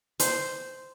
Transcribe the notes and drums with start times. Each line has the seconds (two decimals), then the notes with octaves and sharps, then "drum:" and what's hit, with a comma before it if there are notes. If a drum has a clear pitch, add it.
0.20 C5, drum: hi-hat